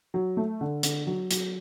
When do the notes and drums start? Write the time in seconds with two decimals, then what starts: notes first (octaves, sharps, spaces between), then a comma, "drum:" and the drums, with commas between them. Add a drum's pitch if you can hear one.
0.14 F#3
0.37 A3
0.61 D3
0.83 D3, drum: hi-hat
1.07 F#3
1.31 F#3, drum: hi-hat